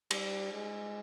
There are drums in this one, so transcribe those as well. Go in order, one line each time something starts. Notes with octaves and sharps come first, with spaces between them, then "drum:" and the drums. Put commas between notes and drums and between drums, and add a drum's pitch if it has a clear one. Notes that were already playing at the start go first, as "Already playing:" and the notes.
G3, drum: cymbal
G#3